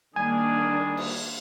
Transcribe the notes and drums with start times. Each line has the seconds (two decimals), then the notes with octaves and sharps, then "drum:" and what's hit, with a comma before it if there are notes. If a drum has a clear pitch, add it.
0.16 D#3 G3 A#3 D4 G#4 G#5
0.97 drum: cymbal